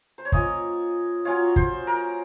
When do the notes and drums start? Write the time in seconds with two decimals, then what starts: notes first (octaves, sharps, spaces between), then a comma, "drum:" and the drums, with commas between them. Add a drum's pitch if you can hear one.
0.18 C5
0.25 C#5
0.32 A#3 C#4 F4 D#5, drum: kick
1.25 F#3 C#4 F4 C#5
1.56 C5, drum: kick
1.87 A#4